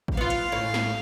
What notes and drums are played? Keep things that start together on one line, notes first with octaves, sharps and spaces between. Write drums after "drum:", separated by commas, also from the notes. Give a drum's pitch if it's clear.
drum: kick A1
B3 F4 F5
drum: hi-hat
A2 C#4
drum: snare